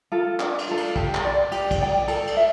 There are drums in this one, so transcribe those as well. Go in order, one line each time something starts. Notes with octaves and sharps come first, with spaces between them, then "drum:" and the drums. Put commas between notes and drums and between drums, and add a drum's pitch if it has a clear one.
F4 A4
D4, drum: clap
drum: cymbal
F4 A4
drum: cymbal
G4, drum: kick
drum: clap
D5 G5
G4, drum: cymbal
drum: kick, cymbal
D5 G5
A4, drum: cymbal
drum: cymbal
E5